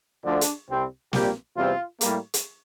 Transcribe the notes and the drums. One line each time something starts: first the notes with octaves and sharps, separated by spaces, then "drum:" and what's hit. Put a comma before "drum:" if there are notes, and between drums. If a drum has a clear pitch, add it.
D2 D3 F3 D4
drum: hi-hat
C2 C3 G3 C4
A#1 A#2 G3 A#3 G4, drum: snare
E2 C3 G3 C4 F4
A2 G3 A#3, drum: hi-hat
drum: hi-hat